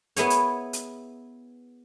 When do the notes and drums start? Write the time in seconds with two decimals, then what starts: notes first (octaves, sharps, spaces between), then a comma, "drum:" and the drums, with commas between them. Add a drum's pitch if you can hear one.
0.16 B3 E4 G#4 C#5, drum: hi-hat
0.30 drum: hi-hat
0.73 drum: hi-hat